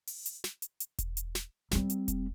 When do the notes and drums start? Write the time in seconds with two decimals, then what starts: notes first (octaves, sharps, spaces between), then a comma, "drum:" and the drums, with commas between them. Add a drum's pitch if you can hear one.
0.07 drum: open hi-hat
0.26 drum: hi-hat
0.44 drum: snare
0.62 drum: hi-hat
0.80 drum: hi-hat
0.99 drum: kick E1, hi-hat
1.17 drum: hi-hat
1.35 drum: snare
1.71 G3 C4, drum: snare
1.90 drum: hi-hat
2.08 drum: kick E1, hi-hat